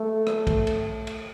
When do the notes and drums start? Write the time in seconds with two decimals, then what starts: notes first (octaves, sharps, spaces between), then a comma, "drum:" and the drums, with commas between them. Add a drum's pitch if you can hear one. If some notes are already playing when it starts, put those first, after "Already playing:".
Already playing: A3
0.27 drum: rim click
0.47 drum: kick, cymbal
0.67 drum: cymbal
1.07 drum: cymbal